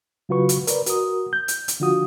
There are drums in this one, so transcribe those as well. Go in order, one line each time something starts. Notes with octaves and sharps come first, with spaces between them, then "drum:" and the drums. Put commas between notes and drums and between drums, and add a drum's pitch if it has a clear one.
C#3 F#3 F4 F#4 B4 C#6
drum: hi-hat
A#4 B4 D5, drum: hi-hat
F#4 A#4 D#6, drum: hi-hat
G6
drum: hi-hat
drum: hi-hat
D3 F3 F4 F#4 D#6